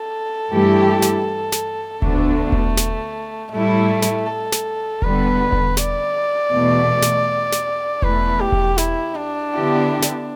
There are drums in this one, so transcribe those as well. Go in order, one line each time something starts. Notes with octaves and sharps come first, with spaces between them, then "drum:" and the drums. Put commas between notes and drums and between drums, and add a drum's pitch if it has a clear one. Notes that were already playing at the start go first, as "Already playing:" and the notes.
Already playing: A4
G2 E3 A3 E4 G4
drum: snare
drum: snare
D2 D3 A3 B3 D4, drum: kick E1
drum: kick E1
drum: snare
A2 G3 A3 E4
drum: snare
A4
drum: snare
D3 G3 B3 B4, drum: kick E1
drum: kick E1
D5, drum: snare
E2 B2 A3
drum: snare
drum: snare
E2 E3 A3 B4, drum: kick E1
G4
drum: kick E1
E4, drum: snare
D4
D3 B3 E4 G4
drum: snare